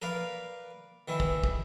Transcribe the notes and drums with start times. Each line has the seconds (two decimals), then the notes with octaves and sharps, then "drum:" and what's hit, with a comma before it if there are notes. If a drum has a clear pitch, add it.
0.02 A#4 B4 D5 F5
1.08 D#3 E3 E4
1.20 drum: kick
1.44 drum: kick